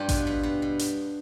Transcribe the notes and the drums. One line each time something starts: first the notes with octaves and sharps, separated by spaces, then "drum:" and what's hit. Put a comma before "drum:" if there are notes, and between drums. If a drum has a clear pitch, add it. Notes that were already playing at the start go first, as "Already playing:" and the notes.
Already playing: G2 D4 F4 G4
B2, drum: kick A1, hi-hat
B2
B2
B2
drum: hi-hat